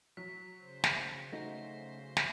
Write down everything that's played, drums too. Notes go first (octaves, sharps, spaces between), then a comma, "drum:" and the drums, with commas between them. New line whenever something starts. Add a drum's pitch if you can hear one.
F#3 B6
C#3 C5
drum: snare
A3 D#4 F#4 A#6
drum: snare